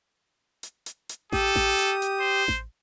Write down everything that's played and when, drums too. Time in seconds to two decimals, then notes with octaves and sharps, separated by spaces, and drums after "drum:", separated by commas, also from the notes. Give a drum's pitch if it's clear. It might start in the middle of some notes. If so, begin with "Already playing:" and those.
0.63 drum: hi-hat
0.86 drum: hi-hat
1.09 drum: hi-hat
1.32 G4 A4 D#6, drum: snare A1
1.56 drum: snare A1
1.79 drum: hi-hat
2.02 drum: hi-hat
2.20 C5
2.48 drum: snare A1